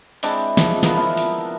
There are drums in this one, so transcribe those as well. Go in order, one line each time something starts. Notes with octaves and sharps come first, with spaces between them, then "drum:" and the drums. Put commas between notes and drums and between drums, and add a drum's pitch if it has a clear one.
G#3 C4 D4 E4, drum: open hi-hat
F3 G#3, drum: snare
B3 F4 A#4 B5, drum: snare
F3 E4 E5
drum: open hi-hat